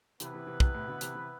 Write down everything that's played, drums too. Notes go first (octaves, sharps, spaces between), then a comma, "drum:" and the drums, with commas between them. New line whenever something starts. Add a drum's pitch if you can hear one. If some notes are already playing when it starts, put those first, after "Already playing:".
C3 E3 B3 E4 B4, drum: hi-hat
C3 E3
C3 E3
C3 E3, drum: kick
A2 C3
B2 D3
C3 E3, drum: hi-hat
C3 E3